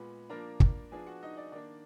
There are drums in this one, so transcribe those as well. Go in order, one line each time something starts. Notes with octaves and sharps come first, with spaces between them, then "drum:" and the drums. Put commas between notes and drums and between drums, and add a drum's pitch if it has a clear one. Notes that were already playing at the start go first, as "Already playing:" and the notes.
Already playing: A#2 G#3 B3 B5
F3 A#3 D4 A#4 A#5
drum: kick
F3 B3 D4 G#4 G#5
F#4 F#5
D#4 D#5
D5
D#3 A#3 D4 D5